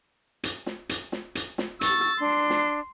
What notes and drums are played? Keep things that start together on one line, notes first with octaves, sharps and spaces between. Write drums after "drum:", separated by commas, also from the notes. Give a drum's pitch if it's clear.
drum: hi-hat
drum: snare
drum: hi-hat
drum: snare
drum: hi-hat
drum: snare
C#6 E6 A6, drum: hi-hat
D4 C6
drum: snare